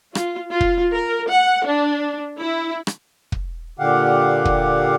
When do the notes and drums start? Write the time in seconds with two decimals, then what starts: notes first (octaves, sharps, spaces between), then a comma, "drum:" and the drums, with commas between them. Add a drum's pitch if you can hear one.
0.15 F4, drum: rim click
0.51 F4
0.61 drum: kick
0.92 A#4
1.30 F#5
1.65 D4
2.38 E4
2.87 drum: rim click
3.32 drum: kick
3.79 A#2 D3 G4 F5 F#5
4.45 drum: kick